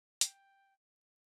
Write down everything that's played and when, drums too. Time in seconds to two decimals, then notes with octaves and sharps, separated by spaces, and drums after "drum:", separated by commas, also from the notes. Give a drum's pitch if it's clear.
0.21 G5, drum: hi-hat